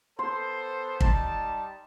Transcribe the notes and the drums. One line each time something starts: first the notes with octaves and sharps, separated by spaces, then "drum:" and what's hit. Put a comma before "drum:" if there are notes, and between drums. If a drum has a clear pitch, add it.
B3 A4 C5 C6
G3 D#4 A5, drum: kick